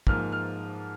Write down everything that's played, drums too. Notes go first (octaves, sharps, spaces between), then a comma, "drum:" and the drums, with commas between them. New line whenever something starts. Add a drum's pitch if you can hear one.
G#2 F3 A#3 F6, drum: kick
F6